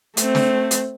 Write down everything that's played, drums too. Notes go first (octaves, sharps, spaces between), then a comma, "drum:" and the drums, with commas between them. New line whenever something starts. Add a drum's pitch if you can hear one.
A3 C4, drum: hi-hat
drum: snare
drum: hi-hat